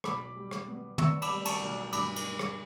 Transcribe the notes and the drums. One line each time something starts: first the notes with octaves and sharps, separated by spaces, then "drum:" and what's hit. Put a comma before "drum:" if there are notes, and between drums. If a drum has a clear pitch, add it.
B1 B5 D6, drum: rim click
G3
drum: rim click
B3
B3 C#6 E6, drum: tom
B5 D6, drum: cymbal
G3
A5 C#6, drum: cymbal
B1
G2 B5 D6, drum: cymbal
drum: cymbal
drum: rim click